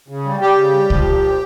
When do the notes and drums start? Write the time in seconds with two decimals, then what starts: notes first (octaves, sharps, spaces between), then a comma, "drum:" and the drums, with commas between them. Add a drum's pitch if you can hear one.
0.08 C#3
0.25 G3
0.40 G3 G4
0.56 C#3
0.73 G3
0.90 F3, drum: kick C2
1.07 A#2
1.22 A#2